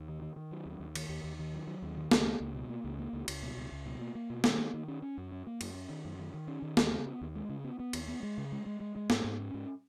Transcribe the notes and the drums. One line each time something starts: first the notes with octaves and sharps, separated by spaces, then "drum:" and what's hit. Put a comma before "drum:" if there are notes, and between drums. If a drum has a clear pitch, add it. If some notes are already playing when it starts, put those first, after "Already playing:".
Already playing: D#2
D#3
D#3
D#3
F#3
D#2
D#2
D#3, drum: cymbal
D#2
D#2
D#3
F#3
F#3
D#2
D#3
C#2, drum: snare
A#3
C#2
B2
A#3
C#2
A#3
C#2
C#2, drum: cymbal
B2
C#2
C#2
B2
A#3
A#3
B2
D#3, drum: snare
A#3
D#3
C#4
C#4
F#2
C#4
A#3
F#2, drum: cymbal
C#4
D#3
F#2
D#3
D#3
C#4
D#3
D#2, drum: snare
C#3
B3
D#2
G#3
C#3
B3
B3
D#2, drum: cymbal
B3
G#3
C#3
G#3
G#3
G#3
G#3
G#2, drum: snare
G#2
C#4
G#2